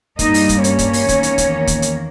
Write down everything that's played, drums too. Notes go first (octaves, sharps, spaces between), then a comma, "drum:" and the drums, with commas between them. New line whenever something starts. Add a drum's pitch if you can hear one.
G2 G3 A#3 D#4 D#5, drum: kick, hi-hat
drum: open hi-hat
drum: kick, hi-hat
C#4 C#5, drum: hi-hat
drum: kick, hi-hat
drum: open hi-hat
E2 D#3 A#3, drum: kick, hi-hat
drum: hi-hat
drum: kick, hi-hat
drum: kick, hi-hat
drum: hi-hat